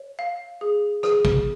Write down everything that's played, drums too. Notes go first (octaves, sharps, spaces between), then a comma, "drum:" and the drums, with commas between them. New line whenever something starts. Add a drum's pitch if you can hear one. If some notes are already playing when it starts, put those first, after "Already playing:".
Already playing: C#5
F5
G#4
G#4, drum: rim click
drum: kick